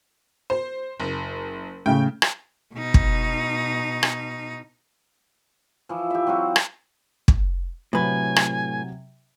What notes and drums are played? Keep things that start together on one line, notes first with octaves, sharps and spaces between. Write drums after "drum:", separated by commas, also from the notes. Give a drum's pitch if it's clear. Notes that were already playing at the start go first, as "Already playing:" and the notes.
C5
F#1
A2 C#3 G5
drum: rim click
B2 D#4
drum: kick
drum: rim click
E3 F3
G4 E5
F#3 C4 F4 F#4
drum: rim click
drum: kick
A2 C3 F#3 B4 G#5
drum: rim click